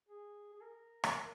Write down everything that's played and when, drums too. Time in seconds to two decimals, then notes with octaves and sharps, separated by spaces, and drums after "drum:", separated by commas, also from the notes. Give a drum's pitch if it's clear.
0.09 G#4
0.53 G#4
0.61 A#4
1.04 drum: rim click